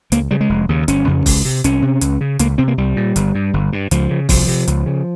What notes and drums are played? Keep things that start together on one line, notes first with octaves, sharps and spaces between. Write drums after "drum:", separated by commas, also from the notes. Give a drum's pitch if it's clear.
C#2 A#3, drum: hi-hat
C#3 G3
G#3
F1
D#2 C#3
G1 C#4, drum: hi-hat
F2 C#3
C#2, drum: kick, open hi-hat
C3
C2 C#4, drum: hi-hat
C3
C#2, drum: hi-hat
C#3
C#2 A#3, drum: hi-hat
C3 C4
A#3
C2 G3
A#2
G1, drum: hi-hat
G2
G1
G2
C#2 F3, drum: hi-hat
C#3
C2 F3, drum: kick, open hi-hat
C3
C#2, drum: hi-hat
C#3